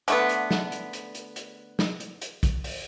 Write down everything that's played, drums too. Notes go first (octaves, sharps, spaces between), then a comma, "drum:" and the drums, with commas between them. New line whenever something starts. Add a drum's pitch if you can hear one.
D3 A3 B3, drum: hi-hat
drum: hi-hat
drum: snare
drum: hi-hat
drum: hi-hat
drum: hi-hat
drum: hi-hat
drum: snare
drum: hi-hat
drum: hi-hat
drum: kick A#1, hi-hat
drum: open hi-hat